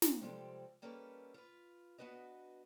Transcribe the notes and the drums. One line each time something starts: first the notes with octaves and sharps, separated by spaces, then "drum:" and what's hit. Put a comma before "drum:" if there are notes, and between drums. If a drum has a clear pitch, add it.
drum: snare
C3 F3 G3 G#3 C4 A4
G3 A#3 C#4 D#4 A4 B4
F4 B4
B3 D4 F#4 B4 D#5